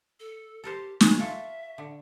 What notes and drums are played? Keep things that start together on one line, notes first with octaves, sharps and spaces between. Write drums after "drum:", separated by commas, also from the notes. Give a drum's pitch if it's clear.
A4
G4 A4 A#4 C5
D2 F#4 G#4 D5, drum: snare
F4 A4 E5 F5 C#6
D3